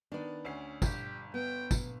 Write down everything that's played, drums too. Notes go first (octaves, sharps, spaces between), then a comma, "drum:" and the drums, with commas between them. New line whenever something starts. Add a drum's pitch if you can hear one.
D#3 B3 D4 D5
D2 C#4 C7
G1 G4, drum: kick, tambourine
B3 G5
drum: kick, tambourine